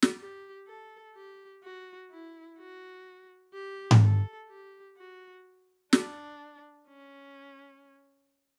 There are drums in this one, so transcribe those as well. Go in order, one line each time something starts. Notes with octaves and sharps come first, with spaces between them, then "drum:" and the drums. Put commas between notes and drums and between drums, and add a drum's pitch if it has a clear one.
drum: snare
G4
A4
G4
F#4
E4
F#4
G4
drum: tom G#2
A4
G4
F#4
D4, drum: snare
C#4